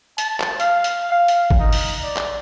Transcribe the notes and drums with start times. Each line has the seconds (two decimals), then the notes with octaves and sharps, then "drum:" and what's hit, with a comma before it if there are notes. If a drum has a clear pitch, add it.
0.18 A5, drum: hi-hat
0.40 drum: clap
0.60 F5, drum: hi-hat
0.84 drum: hi-hat
1.12 F5
1.28 drum: hi-hat
1.50 drum: kick G#1
1.59 D#4
1.73 drum: open hi-hat
2.03 D5
2.17 drum: clap